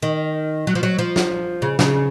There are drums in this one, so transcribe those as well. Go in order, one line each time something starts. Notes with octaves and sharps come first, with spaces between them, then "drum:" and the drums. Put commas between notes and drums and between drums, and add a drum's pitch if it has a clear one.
D#3
F#3
F3
F#3
F3
drum: snare
C#3
C#3, drum: snare